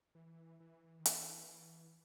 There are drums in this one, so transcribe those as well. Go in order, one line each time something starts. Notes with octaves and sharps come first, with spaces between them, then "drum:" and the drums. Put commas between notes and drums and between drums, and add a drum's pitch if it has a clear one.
E3
E3
D#3
E3, drum: hi-hat